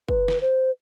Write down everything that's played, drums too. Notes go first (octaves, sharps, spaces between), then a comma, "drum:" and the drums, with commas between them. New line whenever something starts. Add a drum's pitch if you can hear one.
B4, drum: kick
drum: snare
C5